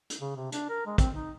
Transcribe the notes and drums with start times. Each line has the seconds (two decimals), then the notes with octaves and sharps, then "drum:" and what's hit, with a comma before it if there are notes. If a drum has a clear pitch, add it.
0.10 drum: hi-hat
0.21 C#3
0.36 C3
0.52 D4, drum: hi-hat
0.69 A#4
0.86 G#3
0.98 C4, drum: kick, hi-hat
1.13 D#4